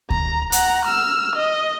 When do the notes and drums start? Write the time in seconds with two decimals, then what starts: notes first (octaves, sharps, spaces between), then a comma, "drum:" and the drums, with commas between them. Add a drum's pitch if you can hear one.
0.10 A#5, drum: kick D2
0.52 F#5 A#5, drum: hi-hat
0.85 E6 F6
1.36 D#5